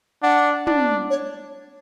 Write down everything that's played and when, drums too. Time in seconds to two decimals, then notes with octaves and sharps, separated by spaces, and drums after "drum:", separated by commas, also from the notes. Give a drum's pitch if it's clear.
0.23 D4 F#5
0.67 D4, drum: tom
1.10 C#5